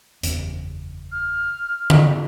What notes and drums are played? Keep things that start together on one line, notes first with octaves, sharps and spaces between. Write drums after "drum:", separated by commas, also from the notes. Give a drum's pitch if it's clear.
F#1 E2, drum: hi-hat
F6
drum: tom D3